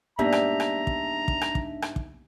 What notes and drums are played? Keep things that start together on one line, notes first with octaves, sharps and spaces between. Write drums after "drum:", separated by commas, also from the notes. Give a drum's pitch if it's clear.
G#2 G3 A#3 B3 D4 G4 E5 A#5
drum: rim click
drum: rim click
drum: kick
drum: kick
drum: rim click
drum: kick
drum: rim click
drum: kick